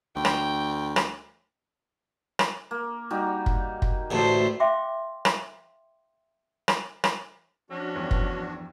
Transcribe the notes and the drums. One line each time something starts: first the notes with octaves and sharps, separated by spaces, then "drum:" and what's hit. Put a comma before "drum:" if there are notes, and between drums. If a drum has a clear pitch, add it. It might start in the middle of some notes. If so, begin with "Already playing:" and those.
D2 G5
drum: rim click
drum: rim click
drum: rim click
A#3
G3 D#4 F#4
drum: kick
drum: kick
A1 D2 A2 A3 C5
C5 E5 F5 G5 C6 D6
drum: rim click
drum: rim click
drum: rim click
F3 C#4 D4 F#4
E2 G2
drum: kick